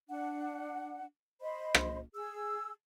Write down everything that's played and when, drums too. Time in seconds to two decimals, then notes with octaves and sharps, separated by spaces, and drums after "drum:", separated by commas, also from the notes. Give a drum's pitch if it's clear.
0.09 D4 F#5
1.41 C5 D#5 B5
1.75 drum: rim click
2.15 G#4 E6